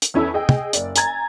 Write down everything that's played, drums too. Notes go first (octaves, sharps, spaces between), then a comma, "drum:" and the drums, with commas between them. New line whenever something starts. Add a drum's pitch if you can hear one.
drum: hi-hat
E2 C#4 E4 A4 E6
G#4 D#5 G5
drum: tom
F#1 D5, drum: hi-hat
G#5 A#5 G#6 A6, drum: hi-hat